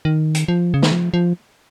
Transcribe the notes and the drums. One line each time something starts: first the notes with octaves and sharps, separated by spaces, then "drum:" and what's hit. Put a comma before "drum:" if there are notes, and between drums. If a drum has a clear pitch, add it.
D#3
drum: hi-hat
F3
C#3
D#3, drum: snare
F3
F3